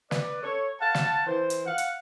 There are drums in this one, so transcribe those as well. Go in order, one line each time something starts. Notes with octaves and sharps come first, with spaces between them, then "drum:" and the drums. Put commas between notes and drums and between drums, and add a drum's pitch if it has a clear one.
B4 D5, drum: snare
A4 C#5
F5 F#5 A5
drum: snare
E3 C5
drum: hi-hat
F5 F#5
drum: hi-hat